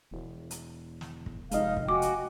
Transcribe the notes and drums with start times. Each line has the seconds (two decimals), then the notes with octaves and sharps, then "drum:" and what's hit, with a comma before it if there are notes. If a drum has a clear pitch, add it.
0.11 E1
0.51 drum: hi-hat
1.01 drum: snare
1.26 drum: kick
1.51 F1 G#3 D#4 D#5 F5 F6, drum: hi-hat
1.77 drum: kick
1.88 F#4 G5 G#5 D6
2.02 drum: hi-hat